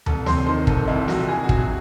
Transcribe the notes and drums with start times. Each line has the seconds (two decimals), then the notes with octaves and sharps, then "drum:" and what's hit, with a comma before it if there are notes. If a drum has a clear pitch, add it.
0.06 C2 A4, drum: tom D#2
0.26 C3 C5, drum: snare
0.47 D#3 C5
0.67 C2 A4, drum: kick
0.88 C2 E4
1.08 C3 F#4, drum: snare
1.28 E4 G#4
1.44 F#4
1.49 F#3, drum: kick